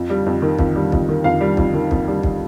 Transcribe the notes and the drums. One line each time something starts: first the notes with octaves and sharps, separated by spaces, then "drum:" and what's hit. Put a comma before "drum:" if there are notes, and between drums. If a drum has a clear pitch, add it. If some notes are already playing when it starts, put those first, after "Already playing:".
Already playing: F2
G3
F2
D#3
F2, drum: kick
G3
F2, drum: kick
D#3
F2 F5
G3
F2, drum: kick
D#3
F2, drum: kick
G3
drum: kick